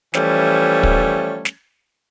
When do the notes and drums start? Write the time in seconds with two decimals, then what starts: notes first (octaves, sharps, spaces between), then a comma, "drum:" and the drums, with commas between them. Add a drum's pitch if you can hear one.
0.14 E3 F3 G3 A3 C#4, drum: snare
0.83 drum: kick
1.45 drum: snare